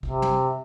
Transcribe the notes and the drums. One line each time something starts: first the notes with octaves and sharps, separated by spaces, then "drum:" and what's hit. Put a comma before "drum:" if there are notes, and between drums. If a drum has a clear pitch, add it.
C3, drum: kick G#1
drum: tom